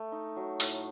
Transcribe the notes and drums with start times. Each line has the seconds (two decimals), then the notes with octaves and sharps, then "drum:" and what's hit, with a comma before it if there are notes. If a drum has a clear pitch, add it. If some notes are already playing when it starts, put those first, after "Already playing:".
Already playing: A3
0.12 D#4
0.37 F#3
0.60 A2, drum: open hi-hat